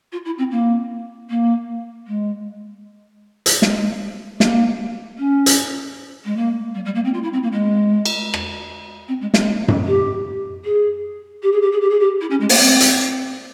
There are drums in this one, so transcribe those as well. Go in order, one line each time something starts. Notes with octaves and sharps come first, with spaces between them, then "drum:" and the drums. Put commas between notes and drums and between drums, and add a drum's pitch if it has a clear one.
F4
E4
C4
A#3
A#3
G#3
drum: hi-hat
G#3, drum: snare
A#3, drum: snare
C#4
drum: hi-hat
G#3
A#3
G3
G3
A#3
C4
F4
E4
C4
A#3
G#3
drum: cymbal
drum: rim click
C4
G#3
G#3, drum: snare
drum: tom F#2
G4
G#4
G4
G#4
G4
G#4
G4
G#4
G4
E4
C#4
G#3
A#3, drum: open hi-hat
C4
drum: hi-hat